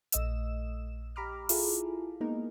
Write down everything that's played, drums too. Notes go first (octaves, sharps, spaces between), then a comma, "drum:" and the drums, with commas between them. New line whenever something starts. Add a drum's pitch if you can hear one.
A#1 A3 D#5 E6 E7, drum: hi-hat
G4 A#5 B5 D6 F6
E4 F4 G#4 A4, drum: open hi-hat
G#3 A#3 B3 D#4 A#4